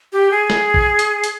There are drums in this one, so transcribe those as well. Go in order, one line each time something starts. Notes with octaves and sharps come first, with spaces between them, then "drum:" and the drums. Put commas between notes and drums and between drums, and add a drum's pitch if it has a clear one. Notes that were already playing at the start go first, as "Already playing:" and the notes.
G4
G#4
drum: snare
drum: kick A#1
drum: hi-hat
drum: hi-hat